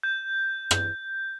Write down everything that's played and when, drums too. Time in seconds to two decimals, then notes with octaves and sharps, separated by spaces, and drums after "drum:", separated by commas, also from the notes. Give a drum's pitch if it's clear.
0.03 G6
0.71 drum: rim click